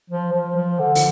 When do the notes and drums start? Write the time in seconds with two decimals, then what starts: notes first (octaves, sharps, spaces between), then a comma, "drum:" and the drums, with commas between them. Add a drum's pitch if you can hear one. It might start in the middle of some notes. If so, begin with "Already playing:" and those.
0.10 F3
0.33 F3
0.56 F3
0.79 D3
0.95 drum: open hi-hat